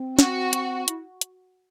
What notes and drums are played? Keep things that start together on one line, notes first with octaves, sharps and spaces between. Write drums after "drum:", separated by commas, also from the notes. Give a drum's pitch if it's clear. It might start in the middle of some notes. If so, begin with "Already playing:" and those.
Already playing: C4
F#4, drum: snare
drum: hi-hat
E4, drum: hi-hat
drum: hi-hat